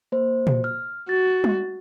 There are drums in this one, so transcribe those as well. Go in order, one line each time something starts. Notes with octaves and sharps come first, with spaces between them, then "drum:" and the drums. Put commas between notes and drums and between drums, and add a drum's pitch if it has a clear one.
A#3 C5
drum: tom A#2
F6
F#4 A6
drum: tom G3